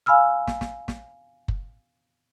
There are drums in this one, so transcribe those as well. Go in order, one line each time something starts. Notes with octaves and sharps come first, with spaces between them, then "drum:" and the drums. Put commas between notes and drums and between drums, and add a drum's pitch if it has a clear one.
F5 G#5 B5 E6 F6
drum: snare
drum: snare
drum: snare
drum: kick F#1